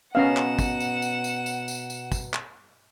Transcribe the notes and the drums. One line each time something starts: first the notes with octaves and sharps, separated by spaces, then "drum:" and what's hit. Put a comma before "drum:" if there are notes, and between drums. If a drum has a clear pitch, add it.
B2 B3 C#4 F5 F#5 A#5 E7
drum: clap
drum: kick, tambourine
drum: tambourine
drum: tambourine
drum: tambourine
drum: tambourine
drum: tambourine
drum: tambourine
drum: kick, tambourine
drum: clap